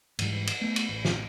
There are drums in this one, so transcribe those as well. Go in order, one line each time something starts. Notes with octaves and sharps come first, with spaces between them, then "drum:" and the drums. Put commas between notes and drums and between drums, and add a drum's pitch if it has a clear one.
G#2 E3 G3, drum: cymbal
drum: cymbal
A3 B3
drum: cymbal
A1
drum: snare